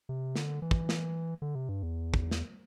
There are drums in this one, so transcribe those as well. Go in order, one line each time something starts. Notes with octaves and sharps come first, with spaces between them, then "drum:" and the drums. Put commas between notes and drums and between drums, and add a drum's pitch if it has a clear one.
C3
D3, drum: snare
E3
drum: kick
drum: snare
D3
C3
G2
E2
drum: kick
drum: snare